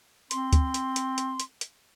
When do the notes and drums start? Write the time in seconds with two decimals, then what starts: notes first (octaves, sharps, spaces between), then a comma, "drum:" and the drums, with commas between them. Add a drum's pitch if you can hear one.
0.31 C4 C6, drum: hi-hat
0.53 drum: kick D2, hi-hat
0.74 drum: hi-hat
0.96 drum: hi-hat
1.18 drum: hi-hat
1.40 drum: hi-hat
1.61 drum: hi-hat